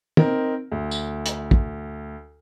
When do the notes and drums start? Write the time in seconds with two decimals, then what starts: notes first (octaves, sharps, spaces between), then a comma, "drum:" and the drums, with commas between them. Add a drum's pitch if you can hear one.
0.17 C4 D#4 A#4, drum: tom
0.72 D2
0.91 drum: tambourine
1.26 drum: hi-hat
1.51 drum: kick